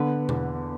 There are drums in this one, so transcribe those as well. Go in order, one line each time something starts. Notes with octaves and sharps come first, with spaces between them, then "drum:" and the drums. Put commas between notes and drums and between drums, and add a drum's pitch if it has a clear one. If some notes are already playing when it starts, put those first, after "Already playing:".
Already playing: D3 B3 B4
E2, drum: tom B2